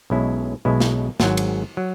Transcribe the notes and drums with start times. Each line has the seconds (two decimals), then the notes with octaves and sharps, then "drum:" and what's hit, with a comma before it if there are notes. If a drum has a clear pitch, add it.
0.10 B1 B2 G#3 C#4 E4
0.65 B1 B2 G#3 C#4 E4
0.80 drum: snare
1.20 G#1 G#2 F#3, drum: snare
1.37 drum: cymbal
1.77 F#3